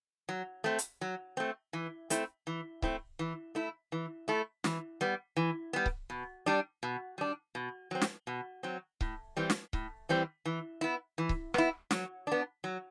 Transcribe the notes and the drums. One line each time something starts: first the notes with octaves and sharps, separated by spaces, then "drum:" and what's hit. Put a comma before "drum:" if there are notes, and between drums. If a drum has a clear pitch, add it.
F#3
A3 C4
drum: hi-hat
F#3
A3 C4
E3
A3 C4 E4, drum: hi-hat
E3
A3 C4 E4, drum: kick C#1
E3
A3 E4
E3
A3 E4
E3, drum: snare
G3 B3
E3
G3 B3
drum: kick C#1
B2
G3 D4
B2
G3 D4
B2
F#3 C4
drum: snare
B2
F#3 C4
A2, drum: kick C#1
E3 G3 C4
drum: snare
A2, drum: kick C#1
E3 G3 C4
E3
B3 E4
E3
drum: kick C#1
B3 E4, drum: rim click
F#3, drum: snare
B3 D4
F#3